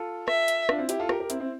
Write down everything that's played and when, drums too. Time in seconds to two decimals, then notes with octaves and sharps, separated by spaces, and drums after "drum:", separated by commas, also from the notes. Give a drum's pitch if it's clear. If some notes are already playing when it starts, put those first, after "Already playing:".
Already playing: F4 A4
0.28 E5, drum: rim click
0.48 drum: hi-hat
0.69 D4 F4, drum: rim click
0.78 C4 E4
0.89 E4 G4, drum: hi-hat
0.99 F4 A4
1.09 G4 A#4, drum: rim click
1.20 G4 A#4
1.30 C4 E4, drum: hi-hat
1.40 C4 E4